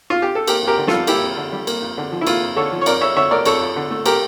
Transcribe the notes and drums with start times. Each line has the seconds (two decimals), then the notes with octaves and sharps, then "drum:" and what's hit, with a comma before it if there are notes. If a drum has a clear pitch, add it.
0.10 F4
0.22 G4
0.35 A4
0.47 A#3 G4 A#4, drum: cymbal
0.63 F2 G4 A#4
0.77 D3
0.87 F4 A4, drum: snare
0.92 G3
1.07 A#3 E4 G4, drum: cymbal
1.23 F2
1.37 D3
1.53 G3
1.67 A#3, drum: cymbal
1.82 F2
1.97 D3
2.12 F3
2.21 E4
2.27 A#3 F4, drum: cymbal
2.42 F2
2.56 D3 A4 C#5
2.72 F3
2.81 C#5
2.86 F2 A#4 D5, drum: cymbal
3.01 F2 C#5 E5
3.16 D3 C#5 E5
3.31 A3 A#4 D5
3.45 F2 A4 C#5, drum: cymbal
3.61 F2
3.76 D3
3.91 A3
4.06 A3 G4 A#4, drum: cymbal